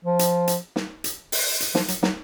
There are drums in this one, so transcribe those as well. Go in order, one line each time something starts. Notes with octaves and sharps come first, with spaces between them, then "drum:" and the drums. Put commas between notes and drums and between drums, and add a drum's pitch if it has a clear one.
F3
drum: hi-hat
drum: hi-hat
drum: snare
drum: hi-hat
drum: open hi-hat
drum: hi-hat
F3, drum: snare
F#3, drum: hi-hat
F#3, drum: snare